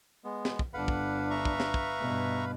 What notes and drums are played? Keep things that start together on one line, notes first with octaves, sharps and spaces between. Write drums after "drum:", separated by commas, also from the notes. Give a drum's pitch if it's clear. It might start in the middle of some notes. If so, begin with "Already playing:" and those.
G#3 B3
drum: snare
drum: kick
G1 D4 B4 F5 F#5 B5
drum: kick
E5 A#5 C#6
drum: kick
drum: snare
drum: kick
G2 B2